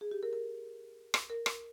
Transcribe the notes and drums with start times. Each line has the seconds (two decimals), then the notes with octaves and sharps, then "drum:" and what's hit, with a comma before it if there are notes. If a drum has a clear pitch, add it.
0.01 G#4
0.11 G4
0.23 A#4
0.33 A#4
1.14 drum: rim click
1.30 A#4
1.46 drum: rim click